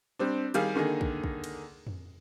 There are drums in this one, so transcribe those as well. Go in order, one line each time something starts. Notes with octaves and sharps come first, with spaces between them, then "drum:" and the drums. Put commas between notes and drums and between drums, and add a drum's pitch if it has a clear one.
G3 C4 D4
D#3 G3 G#4 F5, drum: hi-hat
D3 D#3 A#3 G#4
drum: kick
drum: kick
drum: cymbal
drum: tom F2